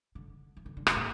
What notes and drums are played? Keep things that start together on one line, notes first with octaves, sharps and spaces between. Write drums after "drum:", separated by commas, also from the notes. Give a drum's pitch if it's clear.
D3
E3
D3
D3
C3, drum: rim click
A#2